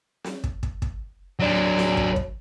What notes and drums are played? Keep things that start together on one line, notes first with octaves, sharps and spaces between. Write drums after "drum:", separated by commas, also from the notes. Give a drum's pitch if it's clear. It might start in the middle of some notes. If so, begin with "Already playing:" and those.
drum: snare
drum: kick
drum: kick
drum: kick
F#3 D4
drum: snare
drum: kick
drum: kick